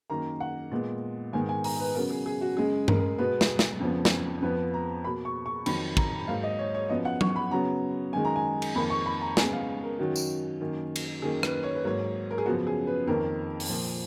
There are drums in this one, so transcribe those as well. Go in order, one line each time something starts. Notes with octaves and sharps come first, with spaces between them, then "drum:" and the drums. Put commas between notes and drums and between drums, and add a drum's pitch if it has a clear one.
F#2 D#3 A#3 A#5
F#5
A#2 G#3 B3
G#2 D#3 G#3 B3 G#5
G#5
A#5, drum: open hi-hat
B4
C#3 F#3 B3 A#4
G#4
G#4
F#4
F#2 C#3 G#3 G#4
A#4, drum: tom G2
B2 G#3 B3 B4
drum: snare
drum: snare
F2 C#3 F3 B3
drum: snare
F2 F3 B3 B4
A#5
B2 A#3 B5
C#6
C#6
F2 D#3 F#3 B5, drum: cymbal
A#5, drum: kick
G#2 F#3 A#3 F5
D#5
C#5
C#5
F#2 F3 B3 D#5
F#5
C#6, drum: tom F#3
B5
C#3 F#3 B3 A#5
F#2 D#3 G#3 G#5
A#5
G#5
drum: cymbal
F2 D#3 A#3 B5
C#6
B5
A#5
C#3 G#3 B3 G#5, drum: snare
F5
A#4
F#2 D#3 F#3 F#4
drum: tambourine
F#2 D#3 A#3
drum: cymbal
F#2 D#3 A#3 G#4
B4, drum: rim click
C#5
B4
G#2 F#3 A#3 C#5
A#4
G#4
F#2 C#3 F3 B3 F#4
G#4
B4
F2 D#3 A#3 A#4
drum: open hi-hat
A#2 F3 A#3